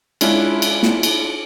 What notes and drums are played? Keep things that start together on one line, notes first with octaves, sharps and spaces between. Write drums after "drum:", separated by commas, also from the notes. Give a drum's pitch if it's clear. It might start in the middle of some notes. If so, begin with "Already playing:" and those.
G#3 C#4 D4 E4 F4, drum: cymbal
drum: cymbal
drum: snare
drum: cymbal